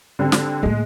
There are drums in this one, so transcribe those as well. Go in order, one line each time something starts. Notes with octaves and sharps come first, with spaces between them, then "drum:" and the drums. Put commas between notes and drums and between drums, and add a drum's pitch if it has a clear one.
D3 G3 C4
drum: snare
A2 G#3 A#3